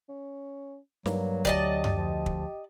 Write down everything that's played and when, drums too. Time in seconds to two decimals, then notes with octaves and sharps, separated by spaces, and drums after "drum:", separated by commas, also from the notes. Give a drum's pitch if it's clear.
0.09 C#4
1.06 G2 F#3 A#3, drum: snare
1.45 D2 G4 D5 D#5 A5, drum: kick
1.84 drum: tom F#2
1.95 F3
2.26 drum: kick